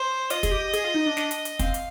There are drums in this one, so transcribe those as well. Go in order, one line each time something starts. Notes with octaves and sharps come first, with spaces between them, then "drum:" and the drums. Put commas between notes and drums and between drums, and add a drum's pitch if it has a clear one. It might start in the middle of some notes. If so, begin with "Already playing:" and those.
Already playing: C5
F4 D#5, drum: hi-hat
G#4, drum: kick, hi-hat
G4
G#4, drum: hi-hat
F4
D#4
D4
D4, drum: snare
drum: hi-hat
drum: hi-hat
C4 F5, drum: kick, hi-hat
drum: hi-hat